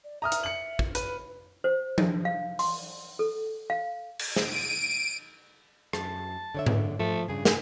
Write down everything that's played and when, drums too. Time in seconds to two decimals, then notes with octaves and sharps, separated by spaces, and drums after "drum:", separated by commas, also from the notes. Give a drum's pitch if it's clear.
0.04 D5
0.22 E5 A#5 D#6 F6
0.32 drum: hi-hat
0.43 C#7 F#7
0.79 drum: kick
0.95 B4, drum: hi-hat
1.64 C5
1.98 drum: tom F3
2.25 F5
2.59 C6, drum: open hi-hat
3.19 A4
3.70 F5
4.19 drum: cymbal
4.36 D7 D#7, drum: snare
5.93 F#2 A5, drum: rim click
6.55 D3 C#5 E5
6.66 drum: tom G#2
6.99 F3 A3
7.28 G2 C#3 G#4
7.45 G#5, drum: snare